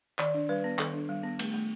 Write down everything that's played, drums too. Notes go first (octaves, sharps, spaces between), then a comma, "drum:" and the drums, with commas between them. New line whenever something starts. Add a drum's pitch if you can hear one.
D#3 D5, drum: clap
D4
G3 B4
B3
D#3 A4, drum: clap
D4
G3
B3
A3, drum: cymbal
A3